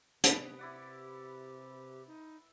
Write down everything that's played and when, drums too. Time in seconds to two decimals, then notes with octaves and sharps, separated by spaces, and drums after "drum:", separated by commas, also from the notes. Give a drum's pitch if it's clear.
0.24 C3 B3 B4 D#6, drum: hi-hat
0.59 E4 G4 D5 F#5
2.07 D#4